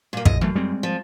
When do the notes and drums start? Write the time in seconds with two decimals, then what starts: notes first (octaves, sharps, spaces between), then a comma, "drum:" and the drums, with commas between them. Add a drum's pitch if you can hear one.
0.13 A#2 A#3
0.25 A#1 A2 D#5, drum: kick
0.41 F#2 E3 A3
0.56 G3 G#3 C4
0.83 F3